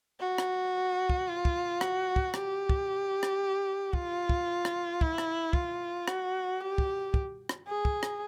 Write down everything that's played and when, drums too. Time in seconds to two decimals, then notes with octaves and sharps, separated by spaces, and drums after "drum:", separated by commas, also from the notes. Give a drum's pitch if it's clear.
0.20 F#4
0.38 drum: rim click
1.10 drum: kick
1.28 F4
1.45 drum: kick
1.81 F#4, drum: rim click
2.16 drum: kick
2.34 G4, drum: rim click
2.69 drum: kick
3.23 drum: rim click
3.93 F4, drum: kick
4.29 drum: kick
4.65 drum: rim click
5.01 E4, drum: kick
5.18 drum: rim click
5.53 F4, drum: kick
6.08 F#4, drum: rim click
6.61 G4
6.78 drum: kick
7.14 drum: kick
7.49 drum: rim click
7.68 G#4
7.85 drum: kick
8.03 drum: rim click